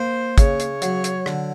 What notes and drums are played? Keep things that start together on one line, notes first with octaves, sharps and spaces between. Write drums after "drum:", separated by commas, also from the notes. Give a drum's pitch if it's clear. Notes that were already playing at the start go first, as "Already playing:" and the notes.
Already playing: A#3 C5
C#3 C#5, drum: kick, hi-hat
drum: hi-hat
F#3, drum: hi-hat
drum: hi-hat
D3, drum: rim click